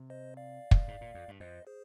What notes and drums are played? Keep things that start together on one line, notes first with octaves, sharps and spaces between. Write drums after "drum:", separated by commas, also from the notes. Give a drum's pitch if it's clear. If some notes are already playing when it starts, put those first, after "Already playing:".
Already playing: C3
C5 D#5
D5 F5
drum: kick
G#2
A#2
F2
G2
F2 C5 D#5
G#4 C5